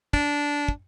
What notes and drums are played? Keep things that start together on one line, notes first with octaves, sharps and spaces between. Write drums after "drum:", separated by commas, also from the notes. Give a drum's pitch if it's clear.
D4, drum: kick
drum: kick